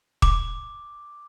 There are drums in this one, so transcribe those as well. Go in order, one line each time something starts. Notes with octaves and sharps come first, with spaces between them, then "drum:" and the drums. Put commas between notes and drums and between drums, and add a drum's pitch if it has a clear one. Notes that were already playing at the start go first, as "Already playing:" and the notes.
D6, drum: kick D#1